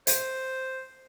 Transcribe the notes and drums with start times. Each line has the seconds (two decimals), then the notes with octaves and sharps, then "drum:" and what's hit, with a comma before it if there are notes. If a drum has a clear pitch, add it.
0.07 C5, drum: hi-hat